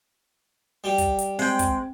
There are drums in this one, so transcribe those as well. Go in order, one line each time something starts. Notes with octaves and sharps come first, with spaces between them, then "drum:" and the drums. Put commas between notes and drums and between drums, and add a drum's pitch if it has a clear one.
G3 G4
drum: kick, hi-hat
drum: hi-hat
G#3 C4 G5, drum: open hi-hat
drum: kick, hi-hat